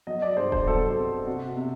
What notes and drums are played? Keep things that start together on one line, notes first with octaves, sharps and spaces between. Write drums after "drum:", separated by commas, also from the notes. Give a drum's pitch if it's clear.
F#3 D#5
D5
G2 C5
C5, drum: kick D#1
F#3 A4
C4
C3 F#4
C3